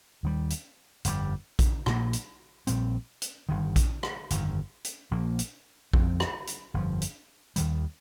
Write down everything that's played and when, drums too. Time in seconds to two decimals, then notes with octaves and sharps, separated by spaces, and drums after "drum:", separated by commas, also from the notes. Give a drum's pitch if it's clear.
0.23 D#2 D#3 G3
0.50 drum: hi-hat
1.05 G1 F2 C3 G3, drum: hi-hat
1.59 drum: kick A#1, hi-hat
1.86 A#1 A#2 A#3, drum: rim click
2.13 drum: hi-hat
2.67 A#1 A#2 G3 C4, drum: hi-hat
3.22 drum: hi-hat
3.49 G1 G2 D#3
3.76 drum: kick A#1, hi-hat
4.03 drum: rim click
4.30 G1 F2 C3 D#3, drum: hi-hat
4.84 drum: hi-hat
5.11 A#1 A#2 F3 A#3
5.39 drum: hi-hat
5.93 F2 F3 C4, drum: kick A#1
6.20 drum: rim click
6.47 drum: hi-hat
6.74 G1 F2 F3
7.02 drum: hi-hat
7.56 D#2 D#3 G3, drum: hi-hat